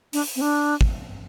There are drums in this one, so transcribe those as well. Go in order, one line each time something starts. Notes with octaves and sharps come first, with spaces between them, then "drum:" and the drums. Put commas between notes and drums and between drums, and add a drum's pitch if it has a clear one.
D4, drum: open hi-hat
C4
D4
drum: kick